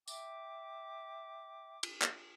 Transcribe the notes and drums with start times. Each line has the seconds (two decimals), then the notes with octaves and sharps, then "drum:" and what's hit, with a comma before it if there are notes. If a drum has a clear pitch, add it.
0.08 E5 G5 D6, drum: tambourine
1.83 drum: cymbal
2.02 drum: clap